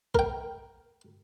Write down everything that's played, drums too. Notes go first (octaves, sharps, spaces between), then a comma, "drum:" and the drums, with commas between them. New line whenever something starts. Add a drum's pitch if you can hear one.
A#4 G5, drum: kick